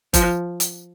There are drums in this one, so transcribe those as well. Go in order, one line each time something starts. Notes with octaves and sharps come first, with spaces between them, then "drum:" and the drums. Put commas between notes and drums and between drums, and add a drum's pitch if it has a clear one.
F3, drum: kick F#1, hi-hat
drum: hi-hat